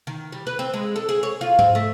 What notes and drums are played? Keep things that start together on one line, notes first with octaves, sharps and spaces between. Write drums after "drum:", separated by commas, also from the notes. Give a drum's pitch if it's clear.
D#3
G3
B4
C4
G#3
A4
G#4
C#5
F4
C4, drum: tom G#2
A3